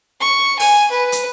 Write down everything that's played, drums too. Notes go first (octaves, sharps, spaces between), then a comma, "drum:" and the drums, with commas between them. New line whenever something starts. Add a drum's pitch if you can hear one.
C#6
G#5, drum: open hi-hat
B4
drum: hi-hat